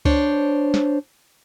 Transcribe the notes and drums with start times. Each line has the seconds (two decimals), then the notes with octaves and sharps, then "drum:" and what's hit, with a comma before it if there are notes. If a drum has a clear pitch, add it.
0.05 D4 C5 C#5, drum: kick C#2
0.74 drum: snare